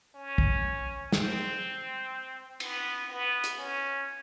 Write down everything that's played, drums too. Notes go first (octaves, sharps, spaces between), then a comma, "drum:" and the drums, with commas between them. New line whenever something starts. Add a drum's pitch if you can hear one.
C#4
drum: kick
C4, drum: snare
B3, drum: cymbal
B3
drum: hi-hat
C#4